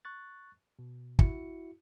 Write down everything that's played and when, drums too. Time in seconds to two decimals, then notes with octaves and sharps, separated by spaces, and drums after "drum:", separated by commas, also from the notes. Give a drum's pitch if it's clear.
0.05 C#6 F#6 A6
0.79 B2
1.19 E4 F#4 C#7, drum: kick